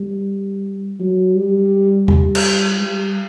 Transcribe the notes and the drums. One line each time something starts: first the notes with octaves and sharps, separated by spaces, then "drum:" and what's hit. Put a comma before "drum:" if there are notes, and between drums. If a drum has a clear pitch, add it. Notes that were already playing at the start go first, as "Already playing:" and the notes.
Already playing: G3
F#3
G3
G3, drum: tom E2
drum: cymbal
G3